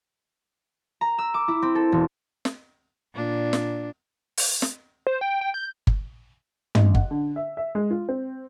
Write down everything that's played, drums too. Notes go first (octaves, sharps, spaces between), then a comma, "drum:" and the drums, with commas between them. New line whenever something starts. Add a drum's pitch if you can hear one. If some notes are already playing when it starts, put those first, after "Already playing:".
A#5
E6
D6
E4
C4
A4
E1
drum: snare
A#2 D4
drum: snare
drum: open hi-hat
drum: snare
C5
G5
G5
G6
drum: kick G1
A1, drum: tom
F#5, drum: kick G1
D3
E5
E5
G#3
F4
C4